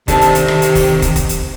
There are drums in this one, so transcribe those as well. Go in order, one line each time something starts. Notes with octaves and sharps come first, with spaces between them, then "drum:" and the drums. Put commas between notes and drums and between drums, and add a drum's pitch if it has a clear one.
C3 D#3 D4 A4, drum: kick, hi-hat
drum: hi-hat
drum: hi-hat
drum: rim click
drum: hi-hat
drum: kick, open hi-hat
drum: kick, hi-hat
drum: kick, hi-hat
drum: hi-hat